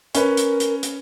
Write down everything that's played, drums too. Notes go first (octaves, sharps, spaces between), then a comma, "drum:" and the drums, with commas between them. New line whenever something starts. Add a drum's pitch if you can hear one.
C#4 A#4 B4, drum: hi-hat
drum: hi-hat
drum: hi-hat
drum: hi-hat